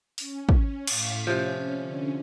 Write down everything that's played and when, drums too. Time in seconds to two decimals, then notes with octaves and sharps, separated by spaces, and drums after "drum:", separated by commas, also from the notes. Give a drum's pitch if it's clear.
0.18 C#4, drum: open hi-hat
0.49 drum: kick
0.87 A2 F5 B6, drum: cymbal
1.27 C3 F3 C#4
1.78 D3 C#4